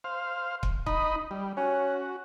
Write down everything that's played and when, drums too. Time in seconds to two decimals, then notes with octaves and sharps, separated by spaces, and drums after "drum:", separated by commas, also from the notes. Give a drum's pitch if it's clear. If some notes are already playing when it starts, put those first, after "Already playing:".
0.04 C5 F5
0.63 drum: kick
0.86 D#4 D#5 B5, drum: kick
1.31 G3
1.57 C#4 F#4